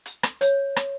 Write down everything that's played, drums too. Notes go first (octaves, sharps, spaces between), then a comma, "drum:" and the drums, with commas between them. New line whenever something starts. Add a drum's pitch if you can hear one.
drum: hi-hat
drum: rim click
C#5, drum: hi-hat
drum: rim click